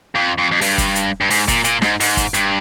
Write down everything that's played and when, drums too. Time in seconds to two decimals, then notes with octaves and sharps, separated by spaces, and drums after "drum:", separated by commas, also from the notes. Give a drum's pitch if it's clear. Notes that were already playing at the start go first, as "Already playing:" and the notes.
0.15 F2
0.38 F2
0.51 F2
0.61 G2, drum: open hi-hat
0.78 drum: kick, hi-hat
0.95 drum: hi-hat
1.21 G2
1.30 G#2, drum: open hi-hat
1.48 A#2, drum: kick, hi-hat
1.64 A#2, drum: hi-hat
1.82 G#2, drum: snare
2.00 G#2, drum: open hi-hat
2.17 drum: kick, hi-hat
2.34 G2, drum: hi-hat